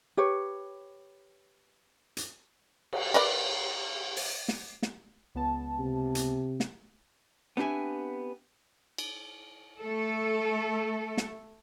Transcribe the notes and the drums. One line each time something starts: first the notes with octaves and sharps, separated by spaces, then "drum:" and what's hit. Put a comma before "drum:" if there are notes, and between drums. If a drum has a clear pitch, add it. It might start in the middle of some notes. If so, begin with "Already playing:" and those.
G4 B4 C#5
drum: hi-hat
drum: cymbal
A#4 B4 D5, drum: cymbal
drum: open hi-hat
drum: snare
drum: snare
C#2 B3 A5
C3
drum: hi-hat
drum: snare
B3 C4 D4 G4 E5 G#5
drum: cymbal
A3 A4
drum: snare